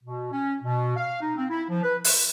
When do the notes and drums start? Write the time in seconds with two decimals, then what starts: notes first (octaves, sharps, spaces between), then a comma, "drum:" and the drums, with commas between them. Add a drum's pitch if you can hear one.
0.04 B2
0.32 C#4
0.63 B2
0.97 F5
1.22 D#4
1.37 C4
1.50 E4
1.70 F3
1.84 B4
2.04 B4, drum: open hi-hat